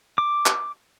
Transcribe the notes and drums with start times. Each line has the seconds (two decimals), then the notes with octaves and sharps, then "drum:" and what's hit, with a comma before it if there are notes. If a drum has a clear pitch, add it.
0.18 D6
0.46 drum: clap